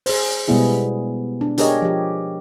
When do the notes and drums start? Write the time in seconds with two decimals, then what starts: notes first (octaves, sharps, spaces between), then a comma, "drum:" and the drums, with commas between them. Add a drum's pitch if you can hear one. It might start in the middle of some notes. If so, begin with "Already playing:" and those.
0.06 G#4 C5, drum: open hi-hat
0.48 B2 G3 G#3 B3 E4 G#4
1.41 D4
1.58 D4 G4 G#4 A#4 C#5 D#5, drum: hi-hat
1.82 F3 G4